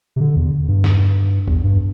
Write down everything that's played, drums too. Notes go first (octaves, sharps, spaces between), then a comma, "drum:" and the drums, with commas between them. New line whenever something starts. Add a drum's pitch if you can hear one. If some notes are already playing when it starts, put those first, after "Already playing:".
C3
D3
E2
G2
drum: snare
E2, drum: kick A1
G2